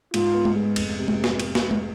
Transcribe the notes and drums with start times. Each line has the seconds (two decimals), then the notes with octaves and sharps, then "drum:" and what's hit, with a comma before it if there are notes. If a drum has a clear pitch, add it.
0.14 G#2 F4, drum: cymbal
0.34 B3
0.45 drum: tom G#3
0.56 G#3
0.76 F1, drum: cymbal
0.98 C3
1.08 drum: tom G#3
1.24 drum: snare
1.40 drum: cymbal
1.55 drum: snare
1.71 drum: tom G#3